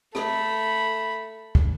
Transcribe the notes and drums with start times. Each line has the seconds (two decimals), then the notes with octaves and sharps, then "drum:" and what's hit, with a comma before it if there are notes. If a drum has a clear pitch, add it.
0.15 A3 B5, drum: rim click
1.55 drum: kick